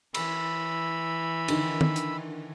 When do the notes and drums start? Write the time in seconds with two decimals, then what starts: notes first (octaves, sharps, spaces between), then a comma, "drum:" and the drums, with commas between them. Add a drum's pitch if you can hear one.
0.14 E3 B5 E6, drum: cymbal
1.48 D3 D#3, drum: cymbal
1.81 drum: tom
1.96 drum: hi-hat